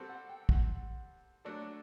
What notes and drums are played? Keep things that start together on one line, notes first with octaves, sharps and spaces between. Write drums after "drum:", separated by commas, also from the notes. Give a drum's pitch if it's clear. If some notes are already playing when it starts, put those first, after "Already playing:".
Already playing: G3 C4 F#4 A4
F#5
G5
F#5, drum: kick
F#3 A3 D4 F#4 A4 D5